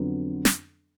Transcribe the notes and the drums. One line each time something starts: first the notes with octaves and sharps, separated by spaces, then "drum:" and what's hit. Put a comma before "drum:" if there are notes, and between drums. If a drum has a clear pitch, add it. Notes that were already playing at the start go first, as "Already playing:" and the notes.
Already playing: F2 D3 F#3 B3 D4
drum: snare